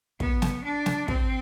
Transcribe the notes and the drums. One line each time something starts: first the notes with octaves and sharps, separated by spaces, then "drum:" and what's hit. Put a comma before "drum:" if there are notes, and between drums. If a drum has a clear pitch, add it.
B3, drum: kick
drum: snare
D4
drum: snare
C4, drum: kick